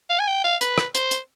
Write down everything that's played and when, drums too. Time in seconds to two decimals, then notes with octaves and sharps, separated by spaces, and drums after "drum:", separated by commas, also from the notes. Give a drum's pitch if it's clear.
0.10 F5
0.19 G#5
0.28 G5
0.44 F5
0.61 B4, drum: hi-hat
0.78 drum: rim click
0.95 C5, drum: hi-hat
1.11 drum: hi-hat